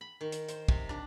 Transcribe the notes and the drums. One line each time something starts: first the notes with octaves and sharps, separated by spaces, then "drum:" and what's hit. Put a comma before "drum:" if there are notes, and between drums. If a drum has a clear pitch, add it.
B5
D#3
drum: hi-hat
C5, drum: hi-hat
C3, drum: kick
D4, drum: rim click